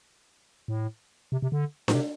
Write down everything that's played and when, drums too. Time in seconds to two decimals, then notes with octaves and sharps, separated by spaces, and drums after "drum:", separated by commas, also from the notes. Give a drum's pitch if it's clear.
0.68 A2
1.32 C3
1.42 C3
1.52 D3
1.88 A2, drum: snare D4
1.95 C3